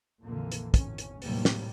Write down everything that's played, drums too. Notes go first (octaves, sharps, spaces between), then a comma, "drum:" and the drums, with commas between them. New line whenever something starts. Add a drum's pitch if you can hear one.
A#1 F2 A#2 D3 E3 A#3
drum: hi-hat
G#1 E2 C#4, drum: kick, hi-hat
drum: hi-hat
D#2 A2 C3 F#3 G3 A#3, drum: open hi-hat
drum: snare